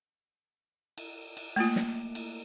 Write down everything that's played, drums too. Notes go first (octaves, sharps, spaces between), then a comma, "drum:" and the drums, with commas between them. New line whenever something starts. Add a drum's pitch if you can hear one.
drum: cymbal
drum: cymbal
A3 A#3 F4
drum: snare
drum: cymbal